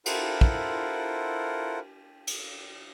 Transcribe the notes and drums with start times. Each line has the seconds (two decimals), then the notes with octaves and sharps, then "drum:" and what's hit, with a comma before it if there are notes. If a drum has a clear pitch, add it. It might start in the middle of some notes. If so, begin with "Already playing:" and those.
0.06 E4 F4 A4 A#4 C5 F#5, drum: cymbal
0.41 drum: kick
2.27 drum: cymbal